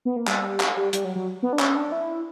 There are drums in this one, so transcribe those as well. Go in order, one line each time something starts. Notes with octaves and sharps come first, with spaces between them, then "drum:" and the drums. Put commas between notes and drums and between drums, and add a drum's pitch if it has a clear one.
B3
A#3
G3, drum: clap
drum: clap
G3
G3, drum: hi-hat
F#3
F#3
B3
D4
C#4, drum: clap
D4
E4